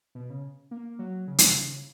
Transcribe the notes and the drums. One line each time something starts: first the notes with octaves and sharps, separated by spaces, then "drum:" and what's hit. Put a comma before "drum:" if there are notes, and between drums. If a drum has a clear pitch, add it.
B2
C#3
A#3
F#3
C#3
B2, drum: hi-hat
C#3